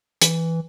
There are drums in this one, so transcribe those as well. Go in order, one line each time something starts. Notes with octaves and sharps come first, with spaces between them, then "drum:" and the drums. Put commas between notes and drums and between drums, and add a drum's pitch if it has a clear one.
E3, drum: hi-hat